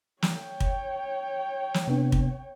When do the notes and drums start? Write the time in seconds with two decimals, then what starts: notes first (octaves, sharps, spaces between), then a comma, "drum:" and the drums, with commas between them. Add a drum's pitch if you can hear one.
0.22 C#5 G5, drum: snare
0.60 drum: kick
1.74 drum: snare
1.87 C3 B3 D4
2.12 drum: kick